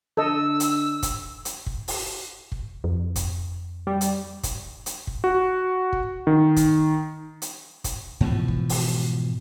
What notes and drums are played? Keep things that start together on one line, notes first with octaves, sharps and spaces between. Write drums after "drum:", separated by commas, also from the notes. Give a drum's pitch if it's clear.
D3 A4 D#5 E6
drum: hi-hat
drum: kick, hi-hat
drum: hi-hat
drum: kick
drum: open hi-hat
drum: kick
F2
drum: kick, hi-hat
G3
drum: hi-hat
drum: kick, hi-hat
drum: hi-hat
drum: kick
F#4
drum: kick
D#3
drum: kick, hi-hat
drum: hi-hat
drum: kick, hi-hat
G#2 B2 E3 F3
drum: kick
drum: open hi-hat